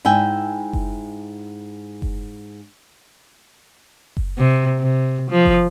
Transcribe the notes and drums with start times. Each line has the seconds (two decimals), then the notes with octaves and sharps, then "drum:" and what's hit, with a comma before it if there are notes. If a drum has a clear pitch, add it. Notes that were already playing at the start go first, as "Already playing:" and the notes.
0.05 G#2 E4 E5 G5 G#5
0.73 drum: kick F#1
2.02 drum: kick F#1
4.17 drum: kick F#1
4.38 C3
4.79 C3
5.30 F3
5.45 drum: kick F#1